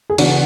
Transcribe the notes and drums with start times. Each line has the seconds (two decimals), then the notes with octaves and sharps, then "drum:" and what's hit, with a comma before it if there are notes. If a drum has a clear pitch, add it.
0.10 G#4
0.18 C#3 E3 B3 D4 F#4, drum: cymbal